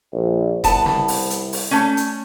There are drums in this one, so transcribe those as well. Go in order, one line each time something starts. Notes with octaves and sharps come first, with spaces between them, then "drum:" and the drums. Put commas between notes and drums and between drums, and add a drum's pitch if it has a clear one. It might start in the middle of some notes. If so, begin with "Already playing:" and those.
A#1
C2 B3 A5, drum: kick E1, hi-hat
drum: snare
drum: open hi-hat
drum: hi-hat
drum: open hi-hat
A3 C#4
drum: hi-hat